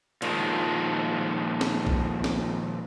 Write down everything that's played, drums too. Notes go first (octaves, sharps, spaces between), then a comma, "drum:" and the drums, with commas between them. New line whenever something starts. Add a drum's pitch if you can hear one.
A#2 D#3 F3 G#3, drum: hi-hat
drum: snare
drum: kick A#1
drum: snare